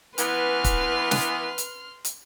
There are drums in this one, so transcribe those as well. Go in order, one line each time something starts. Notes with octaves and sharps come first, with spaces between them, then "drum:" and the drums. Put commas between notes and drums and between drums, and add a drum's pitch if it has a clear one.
E3 B3 B4 C6 F6, drum: hi-hat
drum: kick, hi-hat
drum: snare
drum: hi-hat
drum: hi-hat